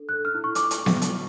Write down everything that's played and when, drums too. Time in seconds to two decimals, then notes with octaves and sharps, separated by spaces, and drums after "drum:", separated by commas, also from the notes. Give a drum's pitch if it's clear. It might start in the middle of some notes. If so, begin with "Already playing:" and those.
Already playing: D4 A4
0.09 F#6
0.13 A4
0.25 F6
0.35 E4
0.44 C#6
0.55 E4 D6, drum: hi-hat
0.71 drum: hi-hat
0.86 drum: snare B3
1.02 drum: hi-hat